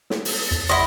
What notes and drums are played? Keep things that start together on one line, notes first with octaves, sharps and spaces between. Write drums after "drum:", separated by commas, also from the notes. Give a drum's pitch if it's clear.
drum: snare
drum: open hi-hat
E2 A6
G1 E4 D#5 F#5 C6